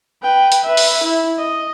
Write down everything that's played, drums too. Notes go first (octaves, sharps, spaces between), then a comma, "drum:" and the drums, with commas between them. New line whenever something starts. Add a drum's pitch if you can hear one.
B4 G5
drum: hi-hat
B4 E5
drum: open hi-hat
E4
D#5